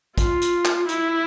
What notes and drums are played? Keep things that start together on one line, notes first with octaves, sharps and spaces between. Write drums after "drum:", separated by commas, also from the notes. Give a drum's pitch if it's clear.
F4, drum: kick, hi-hat
drum: hi-hat
drum: clap
E4, drum: hi-hat